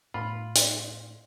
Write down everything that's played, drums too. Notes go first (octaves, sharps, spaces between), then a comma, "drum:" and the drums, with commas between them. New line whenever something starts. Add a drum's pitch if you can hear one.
A2 F4 B5
drum: hi-hat